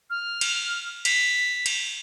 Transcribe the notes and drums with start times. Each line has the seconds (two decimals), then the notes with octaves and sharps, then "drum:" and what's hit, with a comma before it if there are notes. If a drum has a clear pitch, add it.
0.10 F6
0.41 drum: cymbal
1.05 B6, drum: cymbal
1.66 drum: cymbal